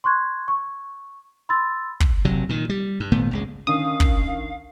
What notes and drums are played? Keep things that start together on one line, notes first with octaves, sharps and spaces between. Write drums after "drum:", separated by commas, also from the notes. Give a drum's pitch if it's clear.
C6 C#6 F#6 G#6
C#6
B5 C6 E6 A6
drum: kick
F#1 C3 F#3
A#2 D#3
G3
G2
G#1 A#2 A3 B3
G#1 C#2 G#3
D3 D#3 C#4 F5 D#6
drum: kick